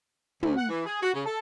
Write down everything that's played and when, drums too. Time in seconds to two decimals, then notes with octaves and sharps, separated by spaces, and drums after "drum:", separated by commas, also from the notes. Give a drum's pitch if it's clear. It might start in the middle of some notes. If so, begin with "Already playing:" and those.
0.43 D2, drum: tom
0.57 F#5
0.69 E3
0.85 G#4
1.03 F#4
1.14 C#3
1.25 A4